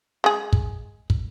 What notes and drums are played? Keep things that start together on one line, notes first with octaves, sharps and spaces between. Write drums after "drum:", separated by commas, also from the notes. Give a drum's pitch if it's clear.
G#3 G#4
drum: kick
drum: kick